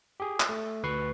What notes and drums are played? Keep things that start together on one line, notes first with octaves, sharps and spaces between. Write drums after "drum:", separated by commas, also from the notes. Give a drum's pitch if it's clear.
G4 G#4
drum: clap
A3
D2 B4 C#6 C7